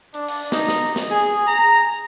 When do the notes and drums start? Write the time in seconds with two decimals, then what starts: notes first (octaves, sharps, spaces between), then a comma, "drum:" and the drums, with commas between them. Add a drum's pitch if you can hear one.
0.14 D4, drum: hi-hat
0.28 drum: cymbal
0.52 D#4, drum: snare
0.68 drum: snare
0.96 drum: snare
1.11 G#4
1.47 A#5